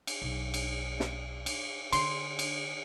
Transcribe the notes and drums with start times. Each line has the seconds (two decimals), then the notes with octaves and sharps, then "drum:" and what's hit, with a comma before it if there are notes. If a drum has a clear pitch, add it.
0.07 drum: cymbal
0.22 B1
0.54 drum: cymbal
1.00 drum: snare
1.46 drum: cymbal
1.93 D3 C6, drum: cymbal
2.39 drum: cymbal